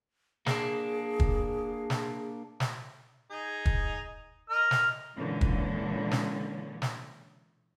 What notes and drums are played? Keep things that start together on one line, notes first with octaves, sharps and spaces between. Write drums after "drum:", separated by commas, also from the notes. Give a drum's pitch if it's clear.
A#3 D4 G#4, drum: snare
drum: kick
drum: snare
drum: snare
D#4 G#4
drum: kick
A#4 D#5 F6
drum: snare
A#2 D3 E3 G#3 C#4
drum: kick
drum: snare
drum: snare